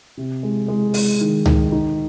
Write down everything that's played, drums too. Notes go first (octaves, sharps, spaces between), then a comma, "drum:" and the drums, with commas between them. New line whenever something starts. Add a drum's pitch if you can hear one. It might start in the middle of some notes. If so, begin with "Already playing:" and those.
C3
G#3
G#3
G#3, drum: open hi-hat
D#3
D#3, drum: tom C#2
D#4